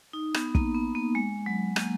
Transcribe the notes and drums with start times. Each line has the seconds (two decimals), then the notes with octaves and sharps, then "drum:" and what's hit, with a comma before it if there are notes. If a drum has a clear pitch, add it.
0.13 D#4
0.34 B3, drum: rim click
0.55 A#3, drum: kick
0.75 B3
0.95 A#3
1.15 G#3
1.46 F#3
1.76 A#3, drum: rim click